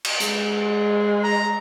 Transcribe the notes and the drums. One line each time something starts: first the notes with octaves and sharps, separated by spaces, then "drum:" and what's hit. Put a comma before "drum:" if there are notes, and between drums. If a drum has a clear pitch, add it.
drum: cymbal
G#3, drum: hi-hat
A#5